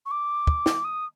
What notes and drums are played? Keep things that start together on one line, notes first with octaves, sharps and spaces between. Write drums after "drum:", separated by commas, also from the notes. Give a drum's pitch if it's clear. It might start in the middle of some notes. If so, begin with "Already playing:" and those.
C#6
D6
drum: kick
drum: snare
D#6